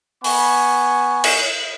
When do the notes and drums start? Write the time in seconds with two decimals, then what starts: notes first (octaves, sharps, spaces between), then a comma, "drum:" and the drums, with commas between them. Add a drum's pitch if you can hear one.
0.24 B3 G#5 B5 C#6, drum: open hi-hat
1.24 drum: cymbal